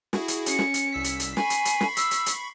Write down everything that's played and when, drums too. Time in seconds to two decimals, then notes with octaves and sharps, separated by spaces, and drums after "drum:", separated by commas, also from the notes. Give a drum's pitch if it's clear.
0.13 E4 F#4 G#4, drum: snare
0.28 drum: hi-hat
0.46 C#4 C#7, drum: hi-hat
0.59 drum: snare
0.74 drum: hi-hat
0.93 C2 E6 B6
1.04 drum: hi-hat
1.20 drum: hi-hat
1.37 G#5 B5 C#6 B6 C7, drum: snare
1.50 drum: hi-hat
1.65 drum: hi-hat
1.81 drum: snare
1.97 E6, drum: hi-hat
2.11 drum: hi-hat
2.26 drum: hi-hat